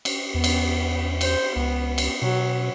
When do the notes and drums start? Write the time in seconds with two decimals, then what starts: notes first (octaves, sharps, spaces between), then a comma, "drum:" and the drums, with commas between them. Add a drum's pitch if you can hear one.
0.05 drum: cymbal
0.34 E2 B3
0.44 drum: cymbal
1.21 C5, drum: cymbal
1.56 C#2 B3
1.98 drum: cymbal
2.22 B2 F#3